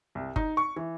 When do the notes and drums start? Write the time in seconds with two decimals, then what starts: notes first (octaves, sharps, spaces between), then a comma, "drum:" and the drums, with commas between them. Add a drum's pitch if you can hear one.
0.15 C2
0.36 D#4, drum: kick G1
0.57 C#6
0.76 E3